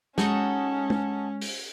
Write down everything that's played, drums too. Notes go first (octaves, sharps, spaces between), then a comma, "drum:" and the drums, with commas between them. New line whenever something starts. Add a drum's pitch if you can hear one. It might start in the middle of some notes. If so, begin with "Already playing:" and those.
G#3 C#4 D#4 F#4 A4, drum: snare
drum: tom
drum: open hi-hat